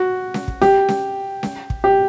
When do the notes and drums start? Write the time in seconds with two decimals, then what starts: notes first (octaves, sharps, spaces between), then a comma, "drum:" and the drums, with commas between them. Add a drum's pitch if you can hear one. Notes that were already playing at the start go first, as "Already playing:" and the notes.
Already playing: F#4
0.34 drum: snare C#4
0.48 drum: kick
0.61 G4, drum: snare C#4
0.88 drum: snare C#4
1.43 drum: snare C#4
1.70 drum: kick
1.84 G4